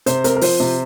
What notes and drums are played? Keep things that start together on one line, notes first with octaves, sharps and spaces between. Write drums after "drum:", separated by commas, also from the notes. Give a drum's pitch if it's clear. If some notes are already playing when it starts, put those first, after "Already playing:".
C3 C5, drum: hi-hat
C4 A#4, drum: hi-hat
A#4
F3 C5, drum: open hi-hat
C3